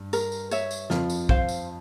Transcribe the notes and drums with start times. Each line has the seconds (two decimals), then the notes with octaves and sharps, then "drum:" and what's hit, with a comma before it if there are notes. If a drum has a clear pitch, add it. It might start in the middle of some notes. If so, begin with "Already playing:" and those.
Already playing: G2
0.13 A#4, drum: tambourine
0.32 drum: tambourine
0.51 C#5 E5, drum: tambourine
0.71 drum: tambourine
0.90 F2 F3 F4, drum: snare
1.10 drum: tambourine
1.29 C5 F5, drum: kick
1.48 drum: tambourine